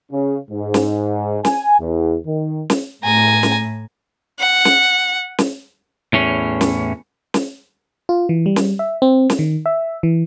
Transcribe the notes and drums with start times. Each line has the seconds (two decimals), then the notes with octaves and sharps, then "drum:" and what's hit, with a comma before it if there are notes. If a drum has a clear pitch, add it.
0.11 C#3
0.50 G#2
0.74 drum: snare
1.45 G#5, drum: snare
1.79 E2
2.25 D#3
2.70 drum: snare
3.04 A2 G#5 A#5
3.43 drum: snare
4.40 F#5
4.65 drum: snare
5.38 drum: snare
6.13 E2 A2 C#4
6.61 drum: snare
7.34 drum: snare
8.09 F4
8.29 E3
8.46 G3
8.56 drum: snare
8.79 E5
9.02 C4
9.30 drum: snare
9.39 D#3
9.66 E5
10.03 E3